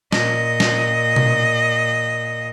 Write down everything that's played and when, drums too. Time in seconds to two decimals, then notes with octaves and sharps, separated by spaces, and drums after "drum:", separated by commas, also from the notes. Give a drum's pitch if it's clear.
0.12 A#2 D#5, drum: snare
0.60 drum: snare
1.16 drum: tom B2